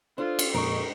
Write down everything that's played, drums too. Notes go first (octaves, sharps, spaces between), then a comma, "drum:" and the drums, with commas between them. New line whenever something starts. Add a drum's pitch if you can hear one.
D4 F4 A4 C5
drum: cymbal
F2 A#2 G#3 D#4 A#4 C#6